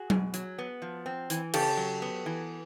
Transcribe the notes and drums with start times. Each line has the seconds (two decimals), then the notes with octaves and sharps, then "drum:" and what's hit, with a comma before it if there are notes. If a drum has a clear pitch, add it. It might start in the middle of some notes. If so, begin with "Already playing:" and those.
Already playing: F#4 G#4
0.10 B2, drum: tom F#3
0.34 F#3, drum: hi-hat
0.58 B3
0.82 F3
1.06 C4
1.30 E3, drum: hi-hat
1.54 C#3 G4 A4, drum: cymbal
1.77 F#3
2.02 B3
2.26 E3